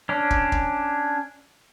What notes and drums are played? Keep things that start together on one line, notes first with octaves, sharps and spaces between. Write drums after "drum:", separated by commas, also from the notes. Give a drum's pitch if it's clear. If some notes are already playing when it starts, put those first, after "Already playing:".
C#4 D4
drum: kick
drum: kick